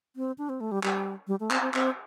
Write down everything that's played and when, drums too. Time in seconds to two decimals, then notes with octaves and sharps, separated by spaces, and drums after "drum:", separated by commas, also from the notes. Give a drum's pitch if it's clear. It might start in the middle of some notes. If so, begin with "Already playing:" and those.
0.16 C4
0.38 D4
0.49 C4
0.61 A3
0.72 G3
0.83 G3, drum: clap
1.28 G3
1.40 A3
1.50 C4, drum: clap
1.62 C4
1.74 C4, drum: clap